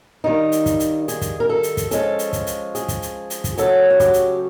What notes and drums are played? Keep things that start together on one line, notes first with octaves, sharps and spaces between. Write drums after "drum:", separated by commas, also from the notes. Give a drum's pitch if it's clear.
D#3 G3 A#3 D#4
drum: hi-hat
drum: kick, hi-hat
drum: hi-hat
G#4, drum: hi-hat
drum: kick, hi-hat
A#4
A4
drum: hi-hat
drum: kick, hi-hat
F3 G#3 C#4 A4, drum: hi-hat
drum: hi-hat
drum: kick, hi-hat
drum: hi-hat
G#4, drum: hi-hat
drum: kick, hi-hat
drum: hi-hat
drum: hi-hat
drum: kick, hi-hat
C#3 F#3 A3 C#4 A4, drum: hi-hat
F#4
G4, drum: kick, hi-hat
drum: hi-hat